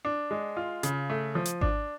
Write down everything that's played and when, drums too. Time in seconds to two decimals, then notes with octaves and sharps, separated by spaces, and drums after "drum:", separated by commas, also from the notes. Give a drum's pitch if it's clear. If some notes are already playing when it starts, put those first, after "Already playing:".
0.05 D4
0.31 G#3
0.57 F4
0.83 C#3, drum: hi-hat
1.10 A3
1.35 F3
1.45 drum: hi-hat
1.61 D4, drum: kick G#1